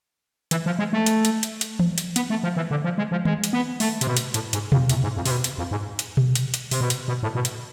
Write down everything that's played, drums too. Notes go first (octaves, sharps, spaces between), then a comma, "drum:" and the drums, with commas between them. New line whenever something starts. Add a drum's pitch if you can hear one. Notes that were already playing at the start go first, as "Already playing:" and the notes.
E3, drum: hi-hat
F3
G#3
A3
drum: hi-hat
drum: hi-hat
drum: hi-hat
drum: hi-hat
drum: tom E3
drum: hi-hat
B3, drum: hi-hat
A3
F3
E3
D3
F3
G#3
F3
G#3, drum: tom D#3
drum: hi-hat
B3
A3, drum: open hi-hat
C3, drum: hi-hat
B2
drum: hi-hat
A2, drum: hi-hat
G#2, drum: hi-hat
F2, drum: tom B2
E2, drum: hi-hat
G#2
F2
C3, drum: open hi-hat
B2
drum: hi-hat
F2
G#2
drum: hi-hat
drum: tom B2
drum: hi-hat
drum: hi-hat
C3, drum: open hi-hat
B2
drum: hi-hat
B2
A2
B2
drum: hi-hat